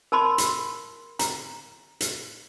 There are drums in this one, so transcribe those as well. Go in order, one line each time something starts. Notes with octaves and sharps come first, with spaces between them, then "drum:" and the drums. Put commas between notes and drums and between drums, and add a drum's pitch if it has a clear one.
A#4 A5 B5 C6
drum: hi-hat
A#5, drum: hi-hat
drum: hi-hat